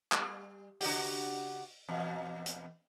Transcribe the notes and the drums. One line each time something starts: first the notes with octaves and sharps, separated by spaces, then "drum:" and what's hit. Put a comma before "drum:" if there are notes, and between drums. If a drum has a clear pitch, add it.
G3, drum: clap
C#3 F#4 G4, drum: open hi-hat
E2 B2
drum: hi-hat